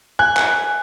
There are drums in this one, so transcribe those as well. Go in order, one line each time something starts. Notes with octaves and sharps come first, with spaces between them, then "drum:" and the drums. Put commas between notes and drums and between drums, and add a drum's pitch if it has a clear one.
G#5 F#6
drum: clap